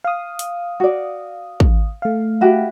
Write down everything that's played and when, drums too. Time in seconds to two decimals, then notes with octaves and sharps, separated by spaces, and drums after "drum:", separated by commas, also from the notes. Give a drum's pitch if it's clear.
0.04 F5 D#6
0.39 drum: hi-hat
0.80 F#4 D5
1.60 drum: kick
2.02 A3 F5
2.41 E4 F#4 G4